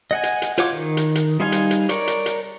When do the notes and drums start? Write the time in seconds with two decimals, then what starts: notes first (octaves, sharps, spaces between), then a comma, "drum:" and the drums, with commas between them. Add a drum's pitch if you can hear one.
0.11 D#5 F#5 G#5
0.23 drum: hi-hat
0.42 drum: hi-hat
0.58 F4 C5 C#5 F#5 D6, drum: hi-hat
0.73 D#3
0.97 drum: hi-hat
1.15 drum: hi-hat
1.40 G3 D#4 C5 F5 G#5
1.52 drum: hi-hat
1.71 drum: hi-hat
1.89 A#4 C#5 D5, drum: hi-hat
2.07 drum: hi-hat
2.26 drum: hi-hat